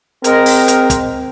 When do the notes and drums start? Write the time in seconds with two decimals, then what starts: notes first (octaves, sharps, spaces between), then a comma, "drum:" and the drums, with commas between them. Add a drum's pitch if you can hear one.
0.24 G#3 C4 G#4 A#4, drum: hi-hat
0.46 drum: open hi-hat
0.68 drum: hi-hat
0.90 drum: kick, hi-hat